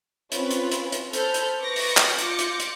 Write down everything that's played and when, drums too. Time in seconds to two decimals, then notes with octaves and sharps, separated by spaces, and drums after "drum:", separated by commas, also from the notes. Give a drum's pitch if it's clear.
0.32 C4 C#4 F4 B4 C#5, drum: hi-hat
0.51 drum: hi-hat
0.71 drum: hi-hat
0.92 drum: hi-hat
1.13 A4 C5 B5 F6 G6, drum: hi-hat
1.34 drum: hi-hat
1.61 B4 C#6 D6 A#6 C#7
1.76 drum: open hi-hat
1.97 drum: clap
2.18 F4 D6 G6 A#6 C#7, drum: hi-hat
2.39 drum: hi-hat
2.60 drum: hi-hat